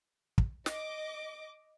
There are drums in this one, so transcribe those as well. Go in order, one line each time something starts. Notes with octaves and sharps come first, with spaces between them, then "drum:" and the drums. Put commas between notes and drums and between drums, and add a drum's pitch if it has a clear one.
drum: kick
D#5 D6, drum: snare